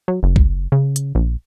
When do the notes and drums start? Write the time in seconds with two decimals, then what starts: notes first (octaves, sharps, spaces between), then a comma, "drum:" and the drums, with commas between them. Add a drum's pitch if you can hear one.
0.08 F#3
0.23 F#1
0.36 drum: kick
0.72 C#3
0.96 drum: hi-hat
1.15 A#1